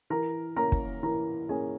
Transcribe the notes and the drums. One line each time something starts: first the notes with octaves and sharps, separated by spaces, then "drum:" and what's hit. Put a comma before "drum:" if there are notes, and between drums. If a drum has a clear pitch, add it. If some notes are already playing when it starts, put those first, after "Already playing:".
E3 A#4 A#5
A#3 C#4 A#4 A#5
drum: kick
E3 A#4 A#5
A#3 C#4 G#4 G#5